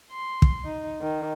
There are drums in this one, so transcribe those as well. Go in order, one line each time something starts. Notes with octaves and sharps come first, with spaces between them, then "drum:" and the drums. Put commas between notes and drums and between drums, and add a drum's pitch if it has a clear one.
C6
drum: kick
D#4
D#3